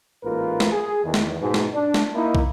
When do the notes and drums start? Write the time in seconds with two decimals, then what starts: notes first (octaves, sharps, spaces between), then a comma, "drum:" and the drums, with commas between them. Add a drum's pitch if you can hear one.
0.24 A1 G#2 A#3 F4 A#4 B4
0.60 drum: snare
0.72 G#4
1.04 E2 D#3
1.14 drum: snare
1.41 G#2 B2
1.54 drum: snare
1.73 D4
1.94 drum: snare
2.15 A#3 D#4 E4
2.35 drum: kick